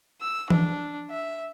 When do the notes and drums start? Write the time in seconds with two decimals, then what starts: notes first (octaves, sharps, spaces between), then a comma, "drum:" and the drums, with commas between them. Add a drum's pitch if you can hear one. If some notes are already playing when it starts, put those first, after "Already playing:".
0.21 E6
0.50 D4, drum: tom E3
1.11 E5